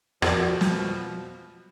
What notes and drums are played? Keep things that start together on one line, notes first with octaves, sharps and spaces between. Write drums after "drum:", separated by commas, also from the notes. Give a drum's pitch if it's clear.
F2 B2 F3 F#4 A#4 D5, drum: rim click
drum: snare